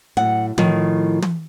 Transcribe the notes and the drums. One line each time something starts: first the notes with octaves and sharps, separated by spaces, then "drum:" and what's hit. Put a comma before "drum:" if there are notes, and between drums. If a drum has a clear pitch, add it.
A2 F#3 F#5
A2 D#3 F3, drum: tom
drum: tom